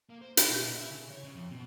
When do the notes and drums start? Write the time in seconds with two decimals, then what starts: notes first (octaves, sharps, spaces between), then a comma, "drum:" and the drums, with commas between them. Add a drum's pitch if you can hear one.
0.10 A#3
0.22 C5
0.37 D4, drum: hi-hat
0.50 B2
0.65 A#2
0.76 E4
0.90 C#3
1.10 C#5
1.24 C#3
1.35 F2
1.50 B2